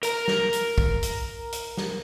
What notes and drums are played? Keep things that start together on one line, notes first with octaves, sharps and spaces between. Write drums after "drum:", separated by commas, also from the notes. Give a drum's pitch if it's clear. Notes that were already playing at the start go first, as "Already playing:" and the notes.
A#4 A#5, drum: hi-hat
drum: snare
drum: hi-hat
drum: kick
drum: hi-hat
drum: hi-hat
drum: snare